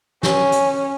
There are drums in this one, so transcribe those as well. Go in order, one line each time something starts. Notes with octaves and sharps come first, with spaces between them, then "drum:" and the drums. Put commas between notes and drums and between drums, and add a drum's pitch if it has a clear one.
C#4, drum: snare
drum: hi-hat